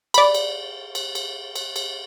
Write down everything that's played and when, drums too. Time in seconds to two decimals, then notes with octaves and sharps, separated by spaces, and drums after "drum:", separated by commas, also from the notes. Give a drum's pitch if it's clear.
0.14 D5 B5, drum: cymbal
0.34 drum: cymbal
0.95 drum: cymbal
1.15 drum: cymbal
1.56 drum: cymbal
1.76 drum: cymbal